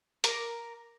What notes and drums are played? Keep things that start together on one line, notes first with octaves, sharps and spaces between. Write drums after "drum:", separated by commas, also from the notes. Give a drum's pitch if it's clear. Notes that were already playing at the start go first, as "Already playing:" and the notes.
A#4 D6, drum: hi-hat